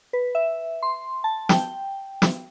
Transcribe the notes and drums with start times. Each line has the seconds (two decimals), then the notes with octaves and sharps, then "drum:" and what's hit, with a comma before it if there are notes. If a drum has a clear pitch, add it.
0.13 B4
0.35 E5
0.83 C6
1.24 A5
1.49 G5, drum: snare
2.22 drum: snare